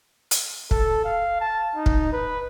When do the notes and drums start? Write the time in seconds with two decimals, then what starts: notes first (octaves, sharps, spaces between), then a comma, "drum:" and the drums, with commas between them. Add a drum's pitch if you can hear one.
0.31 drum: hi-hat
0.71 A4, drum: kick
1.04 F5
1.41 A5
1.76 D#4
1.86 drum: kick
2.13 B4